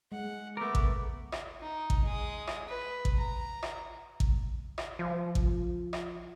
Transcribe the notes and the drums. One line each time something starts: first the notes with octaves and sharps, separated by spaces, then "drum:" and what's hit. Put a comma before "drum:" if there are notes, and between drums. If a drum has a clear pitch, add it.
G#3 F#5
A3 B3 A#4 D6
drum: kick A1
drum: rim click
D#4
drum: kick A1
G#3 D#6
drum: rim click
B4
drum: kick A1
A#5
drum: rim click
drum: kick A1
drum: rim click
F3
drum: kick A1
drum: rim click